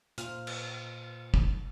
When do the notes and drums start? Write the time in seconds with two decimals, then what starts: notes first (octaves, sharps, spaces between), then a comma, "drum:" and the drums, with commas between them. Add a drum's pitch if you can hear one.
0.18 A#2 F4 C5 F6, drum: hi-hat
0.47 drum: cymbal
1.34 drum: kick